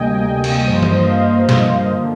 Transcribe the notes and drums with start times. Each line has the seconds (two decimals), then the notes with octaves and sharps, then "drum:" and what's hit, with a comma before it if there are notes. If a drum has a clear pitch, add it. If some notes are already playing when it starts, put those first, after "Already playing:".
Already playing: D2 C3 G3 A#3 D#5 G5 G#5
0.44 drum: cymbal
0.67 G2 F3 A#3 C5
0.83 D#5, drum: tom
0.98 F5
1.49 drum: snare
1.91 D3 F3 A#3